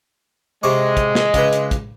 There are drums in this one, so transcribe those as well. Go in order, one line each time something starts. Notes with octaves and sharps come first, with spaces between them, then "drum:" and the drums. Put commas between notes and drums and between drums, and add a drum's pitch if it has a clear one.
C3 G#3 C#6 D6
drum: kick, hi-hat
drum: snare
C#2 B4, drum: kick, hi-hat
drum: hi-hat
drum: kick, hi-hat